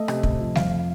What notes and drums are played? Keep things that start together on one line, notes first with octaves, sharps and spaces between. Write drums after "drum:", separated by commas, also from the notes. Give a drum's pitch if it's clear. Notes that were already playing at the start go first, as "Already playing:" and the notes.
Already playing: A3 D#5
C3, drum: rim click
C3, drum: kick
F3
F2 F5, drum: snare G3